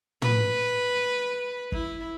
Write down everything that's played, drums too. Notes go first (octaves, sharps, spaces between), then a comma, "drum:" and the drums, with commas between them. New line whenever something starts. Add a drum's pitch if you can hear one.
B4, drum: tom
E4, drum: kick